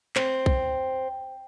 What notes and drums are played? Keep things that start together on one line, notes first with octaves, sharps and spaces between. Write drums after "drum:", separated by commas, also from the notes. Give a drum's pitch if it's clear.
C4, drum: clap
drum: kick B1